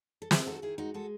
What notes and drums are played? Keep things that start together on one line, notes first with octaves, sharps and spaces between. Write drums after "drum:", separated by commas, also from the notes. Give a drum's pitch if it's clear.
A4
G#3 G#4 B4, drum: snare
D#3 F#4 A4
D#3 E4 G#4
G#3 D#4 F#4
G#3 F#4 A4